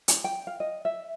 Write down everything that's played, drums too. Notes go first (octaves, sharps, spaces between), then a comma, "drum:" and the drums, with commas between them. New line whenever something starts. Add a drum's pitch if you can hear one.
drum: hi-hat
G5
F5
D#5
E5